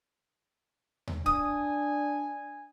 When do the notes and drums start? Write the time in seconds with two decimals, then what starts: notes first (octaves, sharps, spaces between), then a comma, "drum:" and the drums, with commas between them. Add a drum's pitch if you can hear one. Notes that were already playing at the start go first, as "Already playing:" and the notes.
1.07 drum: tom D#2
1.26 D4 G#5 D#6, drum: kick